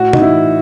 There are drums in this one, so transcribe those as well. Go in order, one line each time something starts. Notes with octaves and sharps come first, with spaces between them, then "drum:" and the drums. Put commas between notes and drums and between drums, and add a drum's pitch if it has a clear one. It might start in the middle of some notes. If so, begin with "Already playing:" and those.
Already playing: A2 F#4
D#4, drum: tom C3
E3 E4